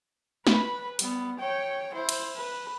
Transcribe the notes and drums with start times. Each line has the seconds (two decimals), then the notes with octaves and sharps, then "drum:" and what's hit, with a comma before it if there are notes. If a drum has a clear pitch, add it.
0.47 B4 B5, drum: snare
0.99 G3 B3, drum: hi-hat
1.39 C#5 G5
1.94 E4 C5
2.09 drum: cymbal
2.36 B4